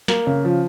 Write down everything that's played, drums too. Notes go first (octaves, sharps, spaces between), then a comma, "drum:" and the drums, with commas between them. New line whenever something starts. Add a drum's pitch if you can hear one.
A#3, drum: snare
C#3
F3